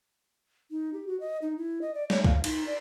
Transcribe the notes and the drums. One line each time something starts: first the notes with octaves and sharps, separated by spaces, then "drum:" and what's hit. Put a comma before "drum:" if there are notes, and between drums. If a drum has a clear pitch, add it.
D#4
G4
F#4
D#5
D#4
E4
D#5
D5
C#5, drum: snare
F5, drum: kick
D#4, drum: cymbal
D5